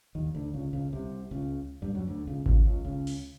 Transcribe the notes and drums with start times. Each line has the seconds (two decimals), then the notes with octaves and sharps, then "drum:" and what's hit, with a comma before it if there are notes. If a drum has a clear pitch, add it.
0.15 D#2 D#3
0.35 D2 D3
0.54 C#2 C#3
0.73 C#2 C#3
0.92 C2 C3
1.31 C#2 C#3
1.82 G2 G3
1.94 F#2 F#3
2.07 D2 D3
2.27 C#2 C#3
2.46 C#2 C#3, drum: kick G#1
2.65 C#2 C#3
2.84 C#2 C#3
3.07 drum: open hi-hat